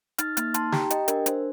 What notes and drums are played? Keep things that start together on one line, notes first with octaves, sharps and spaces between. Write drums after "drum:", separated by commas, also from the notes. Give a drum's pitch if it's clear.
D#4 F6 A6, drum: hi-hat
A#3 F6 A6, drum: hi-hat
D#4 A5 C6, drum: hi-hat
G4 G5 A#5, drum: snare
G4 D#5 G5, drum: hi-hat
D4 A#4, drum: hi-hat
D4 C5, drum: hi-hat